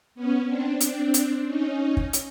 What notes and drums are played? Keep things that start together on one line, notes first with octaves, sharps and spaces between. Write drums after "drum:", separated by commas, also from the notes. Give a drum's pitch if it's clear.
B3 C#4
C4 D4
C4 D4, drum: hi-hat
drum: hi-hat
C#4 D#4
drum: kick
drum: hi-hat